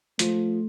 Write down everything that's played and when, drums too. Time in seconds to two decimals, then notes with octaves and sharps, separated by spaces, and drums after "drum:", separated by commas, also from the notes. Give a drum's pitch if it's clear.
0.19 F3 A3, drum: hi-hat